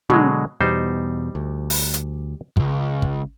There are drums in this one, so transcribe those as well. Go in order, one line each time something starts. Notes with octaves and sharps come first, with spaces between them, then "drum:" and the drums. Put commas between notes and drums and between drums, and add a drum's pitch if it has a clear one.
B2 D3 F#3 G#3, drum: tom
E2 B2 G3 D#4 C5
D2
drum: open hi-hat
drum: hi-hat
C#2 F#2, drum: kick
drum: kick